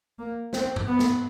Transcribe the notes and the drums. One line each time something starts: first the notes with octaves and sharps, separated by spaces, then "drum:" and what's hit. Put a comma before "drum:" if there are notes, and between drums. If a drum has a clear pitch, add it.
A#3
C4, drum: snare
drum: tom G2
B3
drum: snare